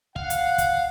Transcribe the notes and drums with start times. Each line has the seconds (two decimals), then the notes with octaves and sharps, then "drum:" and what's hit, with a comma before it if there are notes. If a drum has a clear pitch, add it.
0.16 F5 F#5, drum: kick
0.30 drum: hi-hat
0.58 drum: kick, hi-hat